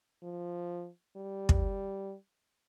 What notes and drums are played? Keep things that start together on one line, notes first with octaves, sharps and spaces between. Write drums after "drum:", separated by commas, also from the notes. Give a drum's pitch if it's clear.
F3
G3
drum: kick